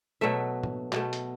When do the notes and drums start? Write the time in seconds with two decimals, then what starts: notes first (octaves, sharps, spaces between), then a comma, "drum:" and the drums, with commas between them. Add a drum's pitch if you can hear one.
0.21 B2 F#3 A3 E5
0.63 drum: tom
0.92 B2 A3, drum: clap
1.13 drum: hi-hat